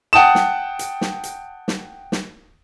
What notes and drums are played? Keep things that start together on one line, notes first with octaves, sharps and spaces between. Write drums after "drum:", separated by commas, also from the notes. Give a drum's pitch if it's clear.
F#5 G5 A5 D#6 E7
drum: snare
drum: hi-hat
drum: snare
drum: hi-hat
drum: snare
drum: snare